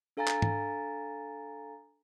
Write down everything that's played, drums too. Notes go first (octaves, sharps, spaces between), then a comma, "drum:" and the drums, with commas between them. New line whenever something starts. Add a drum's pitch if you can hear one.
D4 A4 F5 G#5 A#5 A6
drum: clap
drum: tom G#2